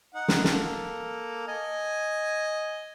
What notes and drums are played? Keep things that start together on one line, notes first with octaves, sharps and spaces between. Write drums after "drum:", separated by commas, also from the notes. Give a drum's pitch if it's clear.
D#4 F#5
drum: snare
A#3 A4, drum: snare
D#5 G#5